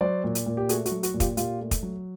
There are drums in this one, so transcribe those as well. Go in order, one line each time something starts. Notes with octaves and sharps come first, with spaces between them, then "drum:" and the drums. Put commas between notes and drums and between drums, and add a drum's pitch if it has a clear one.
F#3 C5 D5
A#2
drum: hi-hat
A#2
G4
A3 F#4 G#4, drum: hi-hat
F#4, drum: hi-hat
F#3
F#4, drum: hi-hat
A#2
F4 G4, drum: kick, hi-hat
A#2 F4 G4, drum: hi-hat
A3
drum: kick, hi-hat
F#3